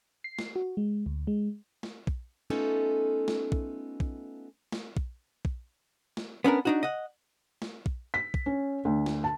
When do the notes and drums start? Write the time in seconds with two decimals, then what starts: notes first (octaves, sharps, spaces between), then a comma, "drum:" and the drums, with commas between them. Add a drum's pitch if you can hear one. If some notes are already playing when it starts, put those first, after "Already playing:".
0.24 C7
0.39 drum: snare
0.56 F#4
0.77 G#3
1.06 D2
1.27 G#3
1.83 drum: snare
2.07 drum: kick
2.50 A3 B3 C#4 D#4 F4 A4
3.28 drum: snare
3.52 drum: kick
4.00 drum: kick
4.72 drum: snare
4.97 drum: kick
5.45 drum: kick
6.17 drum: snare
6.44 B3 C#4 D4 A#4
6.65 D4 D#4 F#4
6.83 D#5 F#5
7.62 drum: snare
7.86 drum: kick
8.14 B6
8.34 drum: kick
8.46 C#4
8.85 D2
9.06 drum: snare
9.24 A5